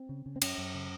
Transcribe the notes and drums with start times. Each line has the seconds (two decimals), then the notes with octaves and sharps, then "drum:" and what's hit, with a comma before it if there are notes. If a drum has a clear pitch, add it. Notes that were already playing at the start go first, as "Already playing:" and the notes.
Already playing: C4
0.09 C#3
0.26 C#3
0.36 C4
0.42 F#2 C#4, drum: cymbal
0.58 F#2
0.74 C#3